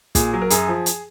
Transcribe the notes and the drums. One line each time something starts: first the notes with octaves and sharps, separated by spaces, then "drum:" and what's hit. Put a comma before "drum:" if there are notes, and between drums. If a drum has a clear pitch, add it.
A#2 G#4, drum: kick, hi-hat
F#3
A#4
F#2 G#4, drum: hi-hat
F3
drum: hi-hat